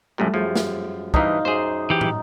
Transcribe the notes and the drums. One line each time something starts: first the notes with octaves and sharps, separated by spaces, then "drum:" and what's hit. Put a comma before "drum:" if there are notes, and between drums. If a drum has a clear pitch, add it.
A#1 F#2 A#2 G3 A3 A4
F#2 F3 G#4 G6
drum: snare
G2 E3 D#4 C5 D#5 F5, drum: kick
F#2 G#4 C5 D6
E3 G4
drum: tom